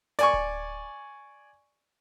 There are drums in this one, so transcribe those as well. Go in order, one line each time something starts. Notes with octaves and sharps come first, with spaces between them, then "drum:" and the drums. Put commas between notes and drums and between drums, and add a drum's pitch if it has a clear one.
D5 G#5 C#6, drum: snare
drum: kick D1